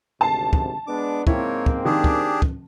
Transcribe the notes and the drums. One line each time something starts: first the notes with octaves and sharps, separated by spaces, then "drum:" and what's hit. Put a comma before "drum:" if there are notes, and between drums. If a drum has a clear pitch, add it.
G#1 D2 C3 A5 C7
drum: kick
G#3 B3 D4 D6
G#2 A#3 C4 E4 C#5, drum: kick
drum: kick
D#3 D4 G4 G#4
drum: kick
drum: kick